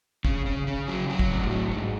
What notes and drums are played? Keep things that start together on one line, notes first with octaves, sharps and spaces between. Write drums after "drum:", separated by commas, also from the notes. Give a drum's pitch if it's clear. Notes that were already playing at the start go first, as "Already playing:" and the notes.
C#3, drum: kick
C#3
C#3
F#3
F#3
drum: kick
A2
F#3
G#2